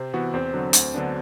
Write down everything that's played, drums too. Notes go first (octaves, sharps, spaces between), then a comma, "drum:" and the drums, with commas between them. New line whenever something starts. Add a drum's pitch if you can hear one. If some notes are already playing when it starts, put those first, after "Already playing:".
Already playing: C3 C4
E3 B3 F#4
E2 C4
D3 F#3
D2, drum: hi-hat
D3 F#3 B3 D4